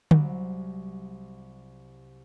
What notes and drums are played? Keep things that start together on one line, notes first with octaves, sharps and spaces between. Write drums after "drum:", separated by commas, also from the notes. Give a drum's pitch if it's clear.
C2 F#3 G3, drum: tom D3